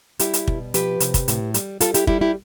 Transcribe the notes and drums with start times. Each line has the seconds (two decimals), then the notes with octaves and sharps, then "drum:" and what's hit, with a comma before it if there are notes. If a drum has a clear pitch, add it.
0.19 G3 E4 G4, drum: hi-hat
0.33 drum: hi-hat
0.48 B2, drum: kick
0.74 F3 G4 B4, drum: hi-hat
1.00 C3, drum: hi-hat
1.14 drum: kick, hi-hat
1.28 A2, drum: hi-hat
1.54 G3, drum: hi-hat
1.81 G3 F4 A4, drum: hi-hat
1.94 E4 G4, drum: hi-hat
2.07 G3 E4 G4, drum: kick
2.21 E4 G4